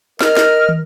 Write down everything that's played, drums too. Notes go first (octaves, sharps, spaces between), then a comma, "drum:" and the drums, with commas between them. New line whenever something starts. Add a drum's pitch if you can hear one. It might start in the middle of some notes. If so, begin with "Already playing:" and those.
A#4 D#5 F6, drum: snare
drum: snare
drum: tom